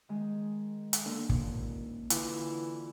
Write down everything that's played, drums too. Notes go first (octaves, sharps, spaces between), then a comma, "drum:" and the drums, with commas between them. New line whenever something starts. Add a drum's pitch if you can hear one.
D#3 G#3
drum: hi-hat
D3 A#3
D#1, drum: kick
D3 E3 F4, drum: hi-hat